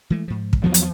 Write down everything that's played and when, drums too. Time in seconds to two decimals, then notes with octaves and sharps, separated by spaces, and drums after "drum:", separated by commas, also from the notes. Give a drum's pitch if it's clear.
0.10 E3 G#3 A3
0.28 G#2 F3
0.53 drum: kick
0.64 E2 D#3 F3 F#3 B3
0.74 drum: hi-hat